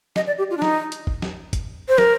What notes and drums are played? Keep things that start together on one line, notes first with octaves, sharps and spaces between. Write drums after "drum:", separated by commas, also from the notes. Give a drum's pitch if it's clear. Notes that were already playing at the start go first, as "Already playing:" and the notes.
D#5, drum: snare
D5
G4
F4
D4
D#4, drum: snare
drum: hi-hat
drum: kick
drum: snare
drum: kick, hi-hat
C5
A#4, drum: snare